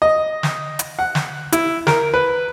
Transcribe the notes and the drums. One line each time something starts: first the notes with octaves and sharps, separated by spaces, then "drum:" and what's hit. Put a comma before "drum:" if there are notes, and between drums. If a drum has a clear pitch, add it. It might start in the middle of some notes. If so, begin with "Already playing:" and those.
D#5
drum: snare
drum: hi-hat
F#5
drum: snare
E4, drum: hi-hat
A#4, drum: snare
B4